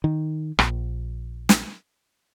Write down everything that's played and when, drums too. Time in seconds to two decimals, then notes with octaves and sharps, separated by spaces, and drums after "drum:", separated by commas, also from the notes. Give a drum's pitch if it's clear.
0.04 D#3
0.59 A#1, drum: rim click
1.49 drum: snare